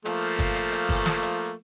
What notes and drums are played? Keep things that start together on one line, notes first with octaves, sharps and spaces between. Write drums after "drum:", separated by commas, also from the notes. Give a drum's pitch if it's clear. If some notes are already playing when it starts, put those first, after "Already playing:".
F3 A3 A#3, drum: hi-hat
drum: kick, hi-hat
drum: hi-hat
drum: hi-hat
drum: kick, open hi-hat
drum: snare
drum: hi-hat